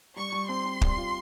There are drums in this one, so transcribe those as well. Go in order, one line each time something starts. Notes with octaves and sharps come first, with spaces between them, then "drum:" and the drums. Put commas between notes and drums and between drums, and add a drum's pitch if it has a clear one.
G3 C#6
G3
C4 C6
C4
G3, drum: kick
F4